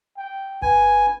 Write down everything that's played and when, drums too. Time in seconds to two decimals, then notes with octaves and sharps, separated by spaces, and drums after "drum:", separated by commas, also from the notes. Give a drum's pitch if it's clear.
0.17 G5
0.62 B4 G#5, drum: kick G1